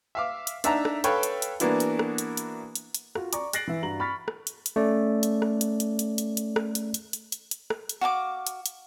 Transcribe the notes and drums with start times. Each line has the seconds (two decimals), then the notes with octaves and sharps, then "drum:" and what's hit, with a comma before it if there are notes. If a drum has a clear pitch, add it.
0.15 E5 F5 D6
0.47 drum: hi-hat
0.64 D4 D#4 E5 F#5 A5 A#5, drum: hi-hat
0.85 drum: rim click
1.04 A4 B4 C#5 F5 G5 B5, drum: hi-hat
1.23 drum: hi-hat
1.42 drum: hi-hat
1.60 E3 A#3 B3 D4 E4 F#4, drum: hi-hat
1.80 drum: hi-hat
1.99 drum: rim click
2.18 drum: hi-hat
2.37 drum: hi-hat
2.75 drum: hi-hat
2.95 drum: hi-hat
3.15 F4 F#4, drum: rim click
3.33 D5 A#5 C#6 D6, drum: hi-hat
3.53 F#6 A6 A#6 C7 D7 F#7, drum: hi-hat
3.67 E3 E5
3.83 G2 F#4 A#5 F#7
4.00 B5 C#6 F6 A6 B6
4.28 drum: rim click
4.47 drum: hi-hat
4.66 drum: hi-hat
4.76 A3 C#4 D5
5.23 drum: hi-hat
5.42 drum: rim click
5.61 drum: hi-hat
5.80 drum: hi-hat
5.99 drum: hi-hat
6.18 drum: hi-hat
6.37 drum: hi-hat
6.56 drum: rim click
6.75 drum: hi-hat
6.94 drum: hi-hat
7.13 drum: hi-hat
7.32 drum: hi-hat
7.51 drum: hi-hat
7.70 drum: rim click
7.89 drum: hi-hat
8.01 F#4 F5 A5 D6
8.47 drum: hi-hat
8.66 drum: hi-hat